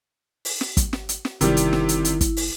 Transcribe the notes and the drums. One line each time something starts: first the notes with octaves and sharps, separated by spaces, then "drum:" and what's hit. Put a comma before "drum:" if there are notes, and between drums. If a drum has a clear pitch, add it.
drum: open hi-hat
drum: snare
drum: kick, hi-hat
drum: snare
drum: hi-hat
drum: snare
G1 C3 D#3 G3 E4, drum: hi-hat
drum: hi-hat
drum: snare
drum: hi-hat
drum: hi-hat
drum: kick, hi-hat
drum: open hi-hat